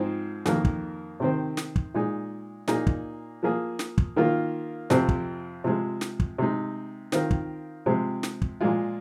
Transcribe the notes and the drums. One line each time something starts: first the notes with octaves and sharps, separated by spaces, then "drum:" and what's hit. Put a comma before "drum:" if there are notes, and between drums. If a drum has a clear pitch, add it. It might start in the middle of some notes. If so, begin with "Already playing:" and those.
Already playing: G#2 F3 G#3 C4 D#4
F2 D#3 A#3, drum: snare
drum: kick
C3 D#3 C4
drum: snare
drum: kick
A#2 G#3 D#4 G#4
A#2 A#3 D#4 G#4, drum: snare
drum: kick
F3 A#3 G#4
drum: snare
drum: kick
D#3 A#3 F4 A#4
F2 C3 F3 C4, drum: snare
drum: kick
C3 F3 G#3
drum: snare
drum: kick
C3 G#3 D#4
D#3 C4 F4 A#4, drum: snare
drum: kick
C3 F3 G#3 C4
drum: snare
drum: kick
A#2 F3 G#3 F4